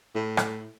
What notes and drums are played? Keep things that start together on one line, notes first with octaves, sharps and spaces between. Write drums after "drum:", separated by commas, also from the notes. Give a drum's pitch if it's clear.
A2
drum: rim click